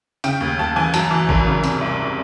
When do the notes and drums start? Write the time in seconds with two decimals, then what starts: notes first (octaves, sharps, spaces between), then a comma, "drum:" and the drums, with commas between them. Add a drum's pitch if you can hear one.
0.24 C#3 G5, drum: hi-hat
0.41 D#2
0.59 D#2 A5
0.76 E3 G#5
0.94 F#2 A5, drum: hi-hat
1.11 E3
1.29 G#1, drum: kick A1
1.46 C#3
1.64 C3, drum: hi-hat
1.81 C2